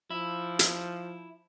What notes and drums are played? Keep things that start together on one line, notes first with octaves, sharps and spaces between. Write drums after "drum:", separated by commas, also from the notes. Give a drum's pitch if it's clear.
F3 E4
drum: hi-hat